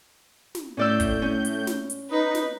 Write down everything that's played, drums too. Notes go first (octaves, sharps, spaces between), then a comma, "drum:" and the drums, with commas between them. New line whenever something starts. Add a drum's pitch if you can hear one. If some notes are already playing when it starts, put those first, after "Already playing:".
drum: snare
A2 C#4 D5 E6 G6
drum: kick, hi-hat
C#4
drum: hi-hat
drum: snare
drum: hi-hat
D#4 B4
drum: snare